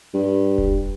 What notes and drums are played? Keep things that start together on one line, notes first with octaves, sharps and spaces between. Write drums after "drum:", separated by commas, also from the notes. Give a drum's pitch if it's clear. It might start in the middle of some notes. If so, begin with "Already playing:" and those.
G2
drum: kick E1